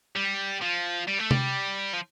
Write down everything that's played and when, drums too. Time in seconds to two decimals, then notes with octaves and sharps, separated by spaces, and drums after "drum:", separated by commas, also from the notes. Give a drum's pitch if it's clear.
0.16 G3
0.62 F3
1.08 G3
1.19 A3
1.31 G3, drum: tom C3
1.94 F3